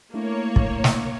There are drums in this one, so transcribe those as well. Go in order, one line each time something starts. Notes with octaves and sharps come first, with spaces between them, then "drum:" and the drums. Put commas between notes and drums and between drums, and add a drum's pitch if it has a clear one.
A3 A#3 D4 E4 C#5
drum: kick
drum: snare